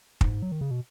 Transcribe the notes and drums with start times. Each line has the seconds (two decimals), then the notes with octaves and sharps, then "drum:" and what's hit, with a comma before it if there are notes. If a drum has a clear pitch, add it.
0.21 G#2, drum: kick
0.42 F#3
0.52 D#3
0.61 C#3
0.71 B2